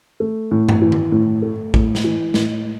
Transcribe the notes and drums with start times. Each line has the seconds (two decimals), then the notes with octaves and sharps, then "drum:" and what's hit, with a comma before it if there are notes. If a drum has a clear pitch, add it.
0.20 A3
0.51 A2
0.69 drum: tom G2
0.82 E3
0.92 drum: tom
1.12 A2
1.42 A3
1.74 A2, drum: kick A1
1.95 drum: snare
2.04 E3
2.34 A2, drum: snare